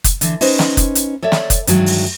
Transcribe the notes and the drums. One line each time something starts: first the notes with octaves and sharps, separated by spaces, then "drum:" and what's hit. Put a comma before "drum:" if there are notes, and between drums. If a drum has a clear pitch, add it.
drum: kick, hi-hat
D3 E3, drum: hi-hat
C#4 D#4 B4 C5, drum: open hi-hat
drum: snare
drum: kick, hi-hat
drum: hi-hat
A4 C#5 D5 E5
drum: snare
drum: kick, hi-hat
G2 D#3 E3 F#3 G#3, drum: hi-hat
drum: open hi-hat